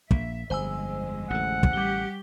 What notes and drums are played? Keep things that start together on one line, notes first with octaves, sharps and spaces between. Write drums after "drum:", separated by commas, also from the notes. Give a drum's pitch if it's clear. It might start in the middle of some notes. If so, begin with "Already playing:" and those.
A#1 A#3 E5, drum: kick
G1 F2 G#3 C5 G#5 E6
A1 D3 F#5
drum: kick
G3 G4 G7